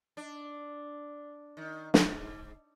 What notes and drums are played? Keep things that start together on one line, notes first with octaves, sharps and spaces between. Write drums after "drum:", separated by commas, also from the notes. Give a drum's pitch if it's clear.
D4
D#3
G#2, drum: snare